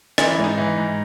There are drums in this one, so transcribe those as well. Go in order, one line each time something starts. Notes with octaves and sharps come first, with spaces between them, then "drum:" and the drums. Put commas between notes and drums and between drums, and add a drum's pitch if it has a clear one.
E3 D#4, drum: rim click
E4
G#2
D#4
E3
G#2